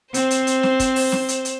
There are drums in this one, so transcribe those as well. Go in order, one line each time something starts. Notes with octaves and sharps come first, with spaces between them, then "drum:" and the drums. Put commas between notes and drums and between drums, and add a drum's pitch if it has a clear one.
C4 C5, drum: hi-hat
drum: hi-hat
drum: hi-hat
drum: snare
drum: kick, hi-hat
drum: open hi-hat
drum: snare
drum: hi-hat
drum: hi-hat